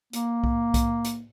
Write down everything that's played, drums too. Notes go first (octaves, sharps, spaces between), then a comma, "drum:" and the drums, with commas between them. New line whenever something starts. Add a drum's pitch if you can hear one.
A#3, drum: hi-hat
drum: kick B1
drum: kick B1, hi-hat
drum: hi-hat